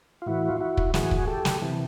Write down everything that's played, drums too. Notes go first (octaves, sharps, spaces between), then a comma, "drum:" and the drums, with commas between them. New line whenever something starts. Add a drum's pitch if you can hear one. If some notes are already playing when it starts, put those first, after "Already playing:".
F4
A2 E3 E4 F#4
F4
E4 F#4
drum: kick
A2 E3 F#4 G#4, drum: snare
drum: kick
G4 A4
drum: snare
C3 E3